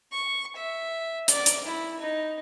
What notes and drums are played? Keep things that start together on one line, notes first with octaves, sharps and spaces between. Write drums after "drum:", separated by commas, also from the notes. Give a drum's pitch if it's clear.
C#6
E5
D5, drum: hi-hat
drum: hi-hat
E4
D#4